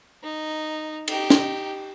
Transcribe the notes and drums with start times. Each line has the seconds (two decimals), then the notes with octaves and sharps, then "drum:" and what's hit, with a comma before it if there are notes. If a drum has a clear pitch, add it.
0.23 D#4
1.08 D#4 G4, drum: cymbal
1.30 drum: snare